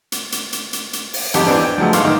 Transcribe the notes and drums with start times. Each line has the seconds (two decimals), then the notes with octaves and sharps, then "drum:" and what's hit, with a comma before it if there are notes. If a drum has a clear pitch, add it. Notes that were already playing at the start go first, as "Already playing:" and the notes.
0.12 drum: hi-hat
0.32 drum: hi-hat
0.53 drum: hi-hat
0.73 drum: hi-hat
0.93 drum: hi-hat
1.14 drum: open hi-hat
1.34 G#1 F2 C4 G4 A5 D6, drum: hi-hat
1.46 E3 B3 C4 D4
1.63 G5
1.78 F3 F#3 G#3 A3
1.93 G#1 B3 F5 C6 D6, drum: hi-hat
2.05 D#3